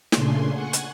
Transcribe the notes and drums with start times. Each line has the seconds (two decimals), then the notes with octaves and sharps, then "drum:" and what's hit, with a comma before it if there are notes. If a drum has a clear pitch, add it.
0.12 A#2 C#3 A3 D4 G#5 C6, drum: snare
0.53 F#5 G#5 C#6
0.73 drum: hi-hat